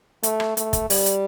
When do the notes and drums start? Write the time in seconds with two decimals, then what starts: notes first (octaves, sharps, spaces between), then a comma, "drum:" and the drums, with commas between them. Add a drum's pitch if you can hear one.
0.23 A3, drum: hi-hat
0.40 drum: rim click
0.57 A3, drum: hi-hat
0.73 drum: kick, hi-hat
0.90 G3, drum: open hi-hat
1.06 drum: hi-hat